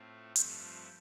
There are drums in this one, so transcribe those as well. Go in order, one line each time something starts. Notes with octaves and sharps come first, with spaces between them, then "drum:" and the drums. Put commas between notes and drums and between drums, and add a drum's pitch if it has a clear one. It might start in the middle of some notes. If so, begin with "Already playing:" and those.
Already playing: A2 A3 C4 F4
G2 F3 A3 C4 F4, drum: hi-hat